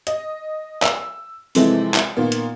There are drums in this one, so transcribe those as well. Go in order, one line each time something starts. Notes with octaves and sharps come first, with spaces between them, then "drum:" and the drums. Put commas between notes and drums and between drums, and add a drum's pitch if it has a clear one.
D#5, drum: hi-hat
E6, drum: clap
C3 E3 F3 G#3 A3 C4, drum: open hi-hat
drum: clap
A#2 D#3 A#3 B3
drum: hi-hat